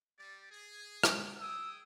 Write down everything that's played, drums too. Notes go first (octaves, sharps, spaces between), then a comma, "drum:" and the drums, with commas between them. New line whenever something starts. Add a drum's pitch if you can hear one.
G3 D5
G#4
drum: rim click
G#4 G5 D#6 E6